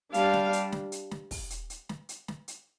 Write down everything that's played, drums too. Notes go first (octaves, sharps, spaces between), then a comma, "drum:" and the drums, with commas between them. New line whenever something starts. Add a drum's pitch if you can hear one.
G3 D4 F5, drum: hi-hat
drum: snare
drum: hi-hat
drum: snare
drum: hi-hat
drum: snare
drum: kick, open hi-hat
drum: hi-hat
drum: hi-hat
drum: snare
drum: hi-hat
drum: snare
drum: hi-hat